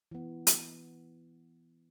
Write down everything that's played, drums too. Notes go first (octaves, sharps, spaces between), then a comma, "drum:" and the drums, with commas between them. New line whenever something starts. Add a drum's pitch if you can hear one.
E3 B3
drum: hi-hat